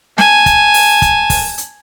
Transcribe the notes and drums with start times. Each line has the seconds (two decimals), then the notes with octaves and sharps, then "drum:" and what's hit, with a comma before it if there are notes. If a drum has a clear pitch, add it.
0.18 G#5 A5, drum: snare
0.46 drum: kick, hi-hat
0.74 drum: open hi-hat
1.02 drum: kick, hi-hat
1.30 drum: kick, open hi-hat
1.58 drum: hi-hat